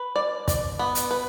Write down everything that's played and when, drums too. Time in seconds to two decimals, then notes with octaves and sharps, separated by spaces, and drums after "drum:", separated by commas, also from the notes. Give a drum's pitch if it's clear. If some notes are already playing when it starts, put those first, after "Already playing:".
Already playing: B4
0.16 D5
0.48 D5, drum: kick, hi-hat
0.79 B3
0.95 drum: hi-hat
1.11 B4